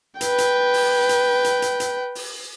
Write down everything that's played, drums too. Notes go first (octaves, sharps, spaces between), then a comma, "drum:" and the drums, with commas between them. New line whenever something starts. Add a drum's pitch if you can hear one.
B4 G5, drum: hi-hat
drum: hi-hat
drum: open hi-hat
drum: hi-hat
drum: hi-hat
drum: hi-hat
drum: hi-hat
drum: open hi-hat